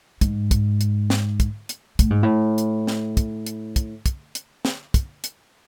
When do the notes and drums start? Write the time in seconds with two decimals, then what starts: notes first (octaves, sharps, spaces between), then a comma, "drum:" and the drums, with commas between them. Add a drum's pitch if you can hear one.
0.21 G#2, drum: kick, hi-hat
0.51 drum: kick, hi-hat
0.81 drum: hi-hat
1.10 drum: snare
1.40 drum: kick, hi-hat
1.69 drum: hi-hat
1.99 A2, drum: kick, hi-hat
2.10 G#2
2.23 A2
2.58 drum: hi-hat
2.87 drum: snare
3.17 drum: kick, hi-hat
3.47 drum: hi-hat
3.76 drum: kick, hi-hat
4.06 drum: kick, hi-hat
4.35 drum: hi-hat
4.65 drum: snare
4.94 drum: kick, hi-hat
5.24 drum: hi-hat